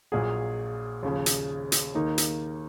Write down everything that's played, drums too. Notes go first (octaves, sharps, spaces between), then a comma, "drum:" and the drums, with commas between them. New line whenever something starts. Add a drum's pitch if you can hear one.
A#1 A#2 F#3 G#4
D#2 C#3 F3
drum: hi-hat
drum: hi-hat
D#2 D#3 A#3 D#4
drum: hi-hat